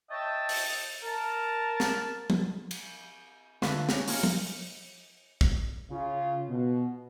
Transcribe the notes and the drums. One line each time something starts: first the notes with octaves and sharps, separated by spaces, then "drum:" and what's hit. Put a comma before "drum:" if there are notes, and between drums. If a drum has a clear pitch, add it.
C#5 D#5 E5 G5 A5
drum: open hi-hat
A#4 A5
drum: snare
drum: tom F3
drum: cymbal
D3 A3 F4 A4 B4, drum: snare
C#4, drum: snare
A#3 F4 G#4 A#4, drum: open hi-hat
drum: tom F3
drum: kick
C#3 F4
B2